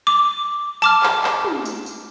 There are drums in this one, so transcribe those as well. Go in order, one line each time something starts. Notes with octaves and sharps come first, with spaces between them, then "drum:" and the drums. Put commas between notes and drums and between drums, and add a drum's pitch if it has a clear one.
D6
A5 D6 F6, drum: tambourine
drum: clap
drum: clap
drum: tom
drum: tambourine
drum: tambourine